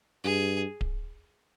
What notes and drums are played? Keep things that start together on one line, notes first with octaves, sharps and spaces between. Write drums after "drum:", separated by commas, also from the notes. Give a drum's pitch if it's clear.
G2 G#4
drum: kick D1